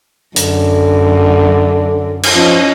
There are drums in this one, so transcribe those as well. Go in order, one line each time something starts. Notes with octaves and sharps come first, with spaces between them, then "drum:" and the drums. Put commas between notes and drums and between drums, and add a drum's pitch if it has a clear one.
F#2 D3, drum: hi-hat
drum: cymbal
F3 C#4 D#4